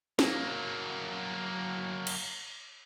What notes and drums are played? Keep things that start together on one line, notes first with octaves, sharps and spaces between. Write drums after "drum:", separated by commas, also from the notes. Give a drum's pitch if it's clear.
F#3 A#3, drum: snare
drum: cymbal